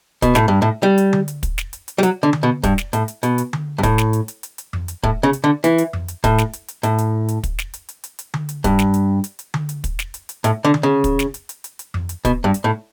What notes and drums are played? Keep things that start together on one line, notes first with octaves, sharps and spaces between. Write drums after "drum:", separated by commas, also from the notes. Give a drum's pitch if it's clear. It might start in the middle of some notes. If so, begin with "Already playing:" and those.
B2, drum: kick, hi-hat
A2, drum: snare
G2
A2
G3
drum: hi-hat
drum: tom D3
drum: hi-hat
drum: kick, hi-hat
drum: snare
drum: hi-hat
drum: hi-hat
G3
F#3, drum: hi-hat
D3
drum: tom D3
B2
G2, drum: kick, hi-hat
drum: snare
A2, drum: hi-hat
drum: hi-hat
B2, drum: hi-hat
drum: hi-hat
drum: tom D3
G2
A2, drum: kick, hi-hat
drum: snare
drum: hi-hat
drum: hi-hat
drum: hi-hat
drum: hi-hat
drum: tom F2
drum: hi-hat
A2, drum: kick
C#3
drum: hi-hat
D3
E3, drum: hi-hat
drum: hi-hat
drum: tom F2
drum: hi-hat
A2, drum: kick, hi-hat
drum: snare
drum: hi-hat
drum: hi-hat
A2, drum: hi-hat
drum: hi-hat
drum: hi-hat
drum: kick, hi-hat
drum: snare
drum: hi-hat
drum: hi-hat
drum: hi-hat
drum: hi-hat
drum: tom D3
drum: hi-hat
G2, drum: kick, hi-hat
drum: snare
drum: hi-hat
drum: hi-hat
drum: hi-hat
drum: tom D3
drum: hi-hat
drum: kick, hi-hat
drum: snare
drum: hi-hat
drum: hi-hat
A2, drum: hi-hat
D3
drum: tom D3
C#3
drum: kick, hi-hat
drum: snare
drum: hi-hat
drum: hi-hat
drum: hi-hat
drum: hi-hat
drum: tom F2
drum: hi-hat
B2, drum: kick, hi-hat
G2
drum: hi-hat
A2